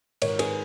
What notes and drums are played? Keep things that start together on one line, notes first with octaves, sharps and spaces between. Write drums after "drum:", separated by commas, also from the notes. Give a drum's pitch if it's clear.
G#2 D#3 A#4 C#5, drum: cymbal
G#4 B4, drum: cymbal